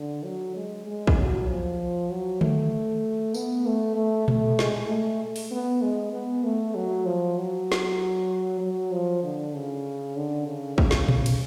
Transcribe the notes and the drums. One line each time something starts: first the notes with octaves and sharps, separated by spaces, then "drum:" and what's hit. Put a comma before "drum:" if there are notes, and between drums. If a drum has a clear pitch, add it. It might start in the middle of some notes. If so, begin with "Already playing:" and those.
Already playing: D3
F#3
G#3
G#3
drum: kick
F#3
F3
F#3
A3, drum: tom D3
B3, drum: tambourine
A3
A3
A3, drum: tom A#2
G#3, drum: snare
A3
drum: open hi-hat
B3
G#3
B3
A3
F#3
F3
F#3
drum: snare
F#3
F3
D3
C#3
D3
C#3
C#3, drum: kick
drum: snare
drum: tom A#2
drum: cymbal